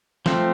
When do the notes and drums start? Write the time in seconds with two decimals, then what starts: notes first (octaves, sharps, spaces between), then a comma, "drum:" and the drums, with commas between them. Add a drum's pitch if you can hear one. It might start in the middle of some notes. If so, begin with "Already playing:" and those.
0.26 F3 A3 C4, drum: snare